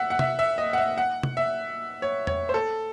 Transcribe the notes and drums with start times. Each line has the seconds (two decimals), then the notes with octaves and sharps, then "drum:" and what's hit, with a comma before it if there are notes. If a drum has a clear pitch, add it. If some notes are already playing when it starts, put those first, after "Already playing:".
Already playing: E5 F#5
0.10 F#5
0.19 E5, drum: tom
0.39 E5
0.58 D#5
0.73 F#5
0.77 E5
0.98 F#5
1.23 drum: tom
1.37 E5
2.02 C#5
2.27 C#5, drum: tom E2
2.49 C5
2.54 A4